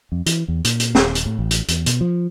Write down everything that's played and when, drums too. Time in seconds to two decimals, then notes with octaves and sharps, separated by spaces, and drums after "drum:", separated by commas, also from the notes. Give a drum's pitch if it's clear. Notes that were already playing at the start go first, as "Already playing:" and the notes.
0.12 F2
0.26 E3, drum: hi-hat
0.48 E2
0.64 A#2, drum: hi-hat
0.80 drum: hi-hat
0.95 D#1, drum: snare
1.15 drum: hi-hat
1.26 A2
1.39 A1
1.51 drum: hi-hat
1.68 E2, drum: hi-hat
1.86 B2, drum: hi-hat
2.01 F3